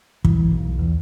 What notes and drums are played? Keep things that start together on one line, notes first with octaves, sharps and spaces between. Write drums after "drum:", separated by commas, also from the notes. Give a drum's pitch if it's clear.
E3, drum: kick
B1
E2